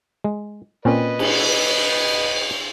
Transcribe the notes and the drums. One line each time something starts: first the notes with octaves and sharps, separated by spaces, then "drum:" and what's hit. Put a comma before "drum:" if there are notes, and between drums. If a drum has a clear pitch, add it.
G#3
A#2 C4 C#4 B4 D#5
drum: cymbal